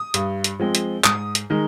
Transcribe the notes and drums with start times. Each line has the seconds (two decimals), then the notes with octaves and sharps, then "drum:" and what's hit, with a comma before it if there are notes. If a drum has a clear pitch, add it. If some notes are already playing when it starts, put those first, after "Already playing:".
Already playing: D#6
0.14 G2, drum: hi-hat
0.44 drum: hi-hat
0.59 F3 G#3 C4
0.75 drum: hi-hat
1.04 G#2 D#6, drum: clap
1.35 drum: hi-hat
1.50 D#3 G#3